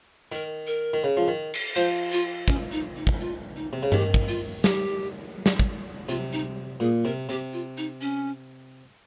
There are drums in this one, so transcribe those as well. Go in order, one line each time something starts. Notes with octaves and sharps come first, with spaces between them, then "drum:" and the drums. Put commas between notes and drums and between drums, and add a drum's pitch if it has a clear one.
D#3 A#4
A#4
D#3
C#3
F3
D#3
drum: cymbal
F3 C5
F4
C#4, drum: kick
D#4
D#4
drum: kick
F4
D#4
C3
C#3
D#3 G4, drum: tom G2
drum: kick
F4, drum: open hi-hat
G4, drum: snare
drum: snare
drum: kick
C3 F4
D#4
A#2 G#4
C3 A#4
C3 G4
F4
D#4
C#4